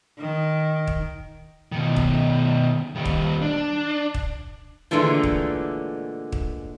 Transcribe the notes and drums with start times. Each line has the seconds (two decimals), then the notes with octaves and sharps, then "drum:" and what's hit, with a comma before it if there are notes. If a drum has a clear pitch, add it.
0.19 D#3
0.87 drum: kick
1.72 B2 D#3
1.96 drum: kick
2.95 D#3 G3
3.05 drum: kick
3.42 D4
4.14 drum: kick
4.91 A#2 D3 E3 G#3 A3
5.23 drum: kick
6.32 drum: kick